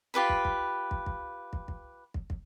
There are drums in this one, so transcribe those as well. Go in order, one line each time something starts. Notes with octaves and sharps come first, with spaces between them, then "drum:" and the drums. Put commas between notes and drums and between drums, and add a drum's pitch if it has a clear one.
F4 G4 B4 B5
drum: kick
drum: kick
drum: kick
drum: kick
drum: kick
drum: kick
drum: kick
drum: kick